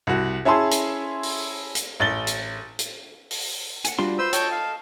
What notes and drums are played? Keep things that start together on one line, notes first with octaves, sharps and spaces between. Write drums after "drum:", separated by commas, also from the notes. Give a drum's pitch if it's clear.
C2 F#4
C#4 E4 G#4 A5 C6
drum: hi-hat
drum: open hi-hat
drum: hi-hat
A1 A6 G7
drum: hi-hat
drum: hi-hat
drum: open hi-hat
F#5 G#5, drum: hi-hat
G3 D4 F4 F#4 C6
B4 C5 E6
A4 C#5 D#5 G5 A5, drum: hi-hat
F5